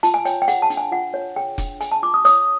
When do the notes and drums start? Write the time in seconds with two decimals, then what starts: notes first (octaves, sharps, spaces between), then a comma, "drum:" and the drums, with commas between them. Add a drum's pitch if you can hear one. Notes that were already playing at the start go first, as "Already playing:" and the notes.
0.03 F4 A5, drum: hi-hat
0.14 G#5
0.25 C#5 G5, drum: hi-hat
0.42 G5
0.48 G#4 F#5, drum: hi-hat
0.62 A5
0.70 D4, drum: hi-hat
0.77 G#5
0.92 F4 F#5
1.14 C#5
1.36 G#4 G5
1.58 D4, drum: kick F1, hi-hat
1.81 G#4 G#5, drum: hi-hat
1.92 A5
2.03 F4 D6
2.14 D#6
2.25 C#5 D#6, drum: hi-hat